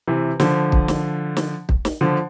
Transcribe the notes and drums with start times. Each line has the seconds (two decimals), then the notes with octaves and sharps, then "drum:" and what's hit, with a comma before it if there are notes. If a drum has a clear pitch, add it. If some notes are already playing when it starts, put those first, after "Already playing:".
0.07 C3 E3
0.40 D3 F3, drum: snare
0.72 drum: kick
0.88 drum: snare
1.37 drum: snare
1.69 drum: kick
1.85 drum: snare
2.01 D3 F3